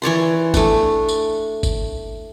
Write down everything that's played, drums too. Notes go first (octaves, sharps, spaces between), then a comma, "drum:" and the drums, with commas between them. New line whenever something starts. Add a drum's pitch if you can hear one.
E3 C#5 D5 C6
A3 D4, drum: kick G#1, tambourine
drum: tambourine
drum: kick G#1, tambourine